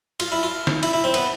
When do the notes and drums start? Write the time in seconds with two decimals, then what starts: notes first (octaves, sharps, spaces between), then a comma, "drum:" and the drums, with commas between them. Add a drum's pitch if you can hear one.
0.20 F4, drum: cymbal
0.32 E4
0.43 F4
0.67 drum: snare
0.83 E4, drum: cymbal
0.93 E4
1.04 C4
1.14 B3, drum: cymbal